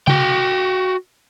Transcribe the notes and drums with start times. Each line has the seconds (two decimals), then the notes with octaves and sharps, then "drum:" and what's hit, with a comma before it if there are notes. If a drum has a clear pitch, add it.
0.07 F#4 G5, drum: tom C#3